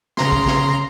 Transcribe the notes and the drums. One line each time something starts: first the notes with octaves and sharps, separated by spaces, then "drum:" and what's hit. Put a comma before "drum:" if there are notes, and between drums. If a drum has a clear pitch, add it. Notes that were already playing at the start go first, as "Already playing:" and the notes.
C#3 A#5 C6, drum: snare
drum: kick
drum: snare